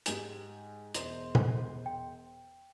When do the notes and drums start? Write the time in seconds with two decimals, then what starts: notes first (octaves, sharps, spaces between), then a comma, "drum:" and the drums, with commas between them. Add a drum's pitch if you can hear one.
0.06 G#2 G4 G#5, drum: hi-hat
0.94 E1 C5, drum: hi-hat
1.35 drum: tom
1.86 G5